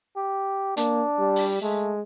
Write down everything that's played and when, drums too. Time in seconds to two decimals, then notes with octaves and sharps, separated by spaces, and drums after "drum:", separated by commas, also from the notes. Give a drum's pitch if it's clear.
0.16 G4
0.77 A#3 D4, drum: hi-hat
1.19 G3
1.36 drum: open hi-hat
1.62 G#3 A3